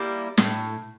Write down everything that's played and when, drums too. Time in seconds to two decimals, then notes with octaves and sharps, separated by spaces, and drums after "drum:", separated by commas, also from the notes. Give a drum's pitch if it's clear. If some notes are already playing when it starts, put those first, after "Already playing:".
Already playing: G3 A#3 E4
0.38 A2, drum: snare